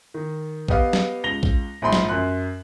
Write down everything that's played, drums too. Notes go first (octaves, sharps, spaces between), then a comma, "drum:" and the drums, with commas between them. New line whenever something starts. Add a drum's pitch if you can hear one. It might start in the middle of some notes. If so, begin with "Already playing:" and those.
D#3
B3 G4 D#5 F5, drum: kick
drum: snare
C#2 A#6 F7 G7
drum: kick
A#1 G#2 B5 C6
drum: snare
F#2 C6 F#6